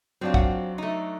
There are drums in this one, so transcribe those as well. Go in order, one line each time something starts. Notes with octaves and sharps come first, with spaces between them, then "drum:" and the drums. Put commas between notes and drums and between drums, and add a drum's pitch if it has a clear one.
F#3 C4 D4 F4
F#5, drum: kick
A3 D#4